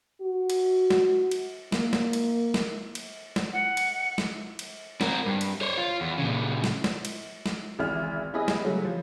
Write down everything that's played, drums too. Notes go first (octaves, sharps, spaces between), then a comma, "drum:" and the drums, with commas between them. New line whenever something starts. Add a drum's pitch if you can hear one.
F#4
drum: cymbal
drum: snare
drum: cymbal
A#3, drum: snare
drum: snare
drum: cymbal
drum: snare
drum: cymbal
drum: snare
F#5
drum: cymbal
drum: snare
drum: cymbal
C4 A#4, drum: snare
G2
drum: cymbal
C5 C#5
F4
E2
A#2 C#3
drum: snare
drum: snare
drum: cymbal
drum: snare
G#1 C#2 E3 E5 F6
B3 C#4 E4 G4 G#4 D#5
drum: snare
C#3 F#3 G3 A3
F3